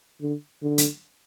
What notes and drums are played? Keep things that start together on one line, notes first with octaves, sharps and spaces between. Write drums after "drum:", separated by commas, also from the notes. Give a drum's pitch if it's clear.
D3
D3
drum: hi-hat